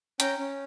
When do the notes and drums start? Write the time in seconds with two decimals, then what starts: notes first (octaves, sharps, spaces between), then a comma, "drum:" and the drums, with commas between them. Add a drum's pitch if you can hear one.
0.20 C#4 G5 A#5, drum: hi-hat
0.39 C#4